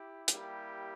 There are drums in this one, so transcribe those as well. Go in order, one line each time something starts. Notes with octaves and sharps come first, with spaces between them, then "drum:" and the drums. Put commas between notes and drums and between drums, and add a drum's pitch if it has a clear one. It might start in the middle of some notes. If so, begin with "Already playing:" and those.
Already playing: E4 G4
G3 A#3 E4 G4, drum: hi-hat